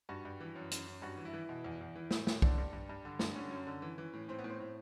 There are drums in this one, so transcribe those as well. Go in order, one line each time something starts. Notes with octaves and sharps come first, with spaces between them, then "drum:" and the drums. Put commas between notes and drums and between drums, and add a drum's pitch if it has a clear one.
G2 F#4
G2
E3
F#2
F#2, drum: hi-hat
F#2
G2 F#4
E3
E4
E3
B2
E2
E2
E3
A2, drum: snare
A2, drum: snare
D3 D4, drum: kick B1
G2
G2
G2
D3
G2, drum: snare
D3 C#4
F#2
D3
E3
E3
A2
A2 C4
B3
A2
C4
A2